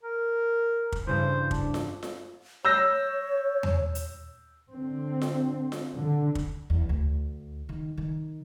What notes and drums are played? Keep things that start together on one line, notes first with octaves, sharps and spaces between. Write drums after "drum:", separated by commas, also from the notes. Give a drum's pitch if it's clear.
A#4
drum: kick
G2 C#3 E3 C5
D4, drum: kick
drum: snare F4
drum: snare F4
C#5 E6 G6 A#6
drum: tom E2
drum: hi-hat
D3 C4
drum: snare F4
drum: snare F4
D3
drum: kick
E2
D2
D#3
D#3